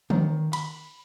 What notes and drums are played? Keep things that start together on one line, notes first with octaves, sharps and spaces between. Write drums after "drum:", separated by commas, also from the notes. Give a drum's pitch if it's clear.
D#3, drum: tom D#3
B5, drum: cymbal